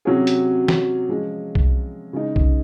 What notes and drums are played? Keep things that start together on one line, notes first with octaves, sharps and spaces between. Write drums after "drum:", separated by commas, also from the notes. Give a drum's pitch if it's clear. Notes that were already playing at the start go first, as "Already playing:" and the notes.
C3 F#3 C#4 G#4 C#5
drum: hi-hat
drum: snare
F3 G#3 C#4
drum: kick B1
C#3 G#3 D#4
drum: kick B1